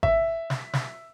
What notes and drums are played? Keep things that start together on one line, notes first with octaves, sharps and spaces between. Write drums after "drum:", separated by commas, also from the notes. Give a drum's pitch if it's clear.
E5, drum: kick G#1
drum: snare
drum: snare